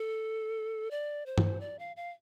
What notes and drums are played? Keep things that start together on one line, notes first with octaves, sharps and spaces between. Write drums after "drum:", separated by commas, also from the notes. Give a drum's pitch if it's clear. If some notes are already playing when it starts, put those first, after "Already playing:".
Already playing: A4
D5
C5
drum: tom G2
D5
F5
F5